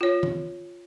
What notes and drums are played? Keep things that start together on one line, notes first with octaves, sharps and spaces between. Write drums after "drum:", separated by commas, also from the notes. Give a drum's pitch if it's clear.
F4 C#5
drum: tom D#3